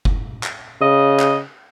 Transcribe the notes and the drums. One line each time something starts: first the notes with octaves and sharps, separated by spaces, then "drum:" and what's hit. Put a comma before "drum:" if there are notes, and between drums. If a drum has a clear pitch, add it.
drum: kick F#1
drum: clap
C#3 D#5
drum: clap